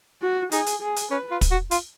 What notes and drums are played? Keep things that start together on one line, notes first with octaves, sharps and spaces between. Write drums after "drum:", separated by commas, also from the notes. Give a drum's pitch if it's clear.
F#4
D#4 G#4, drum: hi-hat
drum: hi-hat
G#4
drum: hi-hat
C#4 B4
F4
drum: kick, hi-hat
F#4
F4, drum: hi-hat